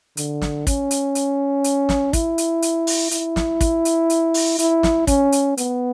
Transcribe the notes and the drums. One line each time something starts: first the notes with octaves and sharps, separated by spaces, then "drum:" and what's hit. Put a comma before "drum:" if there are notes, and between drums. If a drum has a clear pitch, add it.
D3, drum: hi-hat
drum: snare
C#4, drum: kick, hi-hat
drum: hi-hat
drum: hi-hat
drum: hi-hat
drum: snare
E4, drum: kick, hi-hat
drum: hi-hat
drum: hi-hat
drum: open hi-hat
E4, drum: hi-hat
drum: snare
drum: kick, hi-hat
drum: hi-hat
drum: hi-hat
drum: open hi-hat
E4, drum: hi-hat
drum: snare
C#4, drum: kick, hi-hat
drum: hi-hat
B3, drum: hi-hat